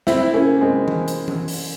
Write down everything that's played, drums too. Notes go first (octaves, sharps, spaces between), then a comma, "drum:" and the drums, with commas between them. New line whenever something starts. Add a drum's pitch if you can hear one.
C4 E4, drum: snare
E4
A#3 C#4
G#3 C4
drum: tom E3
drum: hi-hat
drum: tom E3
drum: open hi-hat